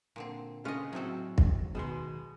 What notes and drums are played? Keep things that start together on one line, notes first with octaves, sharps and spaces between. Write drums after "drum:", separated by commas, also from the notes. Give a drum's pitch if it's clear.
A#2 D3 C4
C#3 G#3 C#4 F4 A4 D#5 F6
A2 F#3 C4 F#4 A4
drum: kick
B1 B2 D#3 G#3 C6